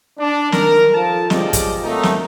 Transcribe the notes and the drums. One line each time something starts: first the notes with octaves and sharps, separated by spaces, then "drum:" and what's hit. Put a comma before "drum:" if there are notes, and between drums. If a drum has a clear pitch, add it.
D4
D#3 A#4, drum: snare
F3 A4 A5
C#2 F3 G4 G#4 D5 D#5, drum: snare
drum: kick, hi-hat
F#3 A3 A#3 C4 D#4
drum: snare